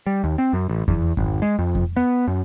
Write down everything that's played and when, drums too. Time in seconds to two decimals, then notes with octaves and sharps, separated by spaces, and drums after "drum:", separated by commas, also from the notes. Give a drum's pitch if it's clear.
0.07 G3
0.24 D#2
0.38 C4
0.53 F#2
0.69 A1
0.88 E2, drum: kick F2
1.17 G#1, drum: kick F2
1.42 G#3
1.59 F2
1.75 drum: kick F2
1.97 B3
2.28 F#2